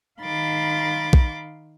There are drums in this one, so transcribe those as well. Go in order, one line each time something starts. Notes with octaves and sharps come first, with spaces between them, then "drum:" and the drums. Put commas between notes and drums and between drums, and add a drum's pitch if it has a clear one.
D#3 F5 B5 C6 D6 A6
drum: kick A#1